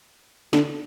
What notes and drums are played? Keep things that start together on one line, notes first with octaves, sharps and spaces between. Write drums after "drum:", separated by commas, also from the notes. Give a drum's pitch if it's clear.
D3, drum: snare